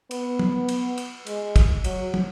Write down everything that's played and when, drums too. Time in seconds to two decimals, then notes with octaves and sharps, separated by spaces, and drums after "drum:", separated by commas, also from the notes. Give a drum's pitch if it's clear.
0.11 B3, drum: cymbal
0.39 drum: tom
0.69 drum: cymbal
0.98 drum: cymbal
1.27 G#3, drum: cymbal
1.56 drum: kick, cymbal
1.84 F#3, drum: cymbal
2.14 drum: tom